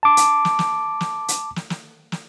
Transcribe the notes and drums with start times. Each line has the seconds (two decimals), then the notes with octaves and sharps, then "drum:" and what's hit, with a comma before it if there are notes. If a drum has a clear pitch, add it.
0.03 A5 D6
0.17 drum: hi-hat
0.45 drum: snare
0.59 drum: snare
1.01 drum: snare
1.28 drum: hi-hat
1.56 drum: snare
1.70 drum: snare
2.12 drum: snare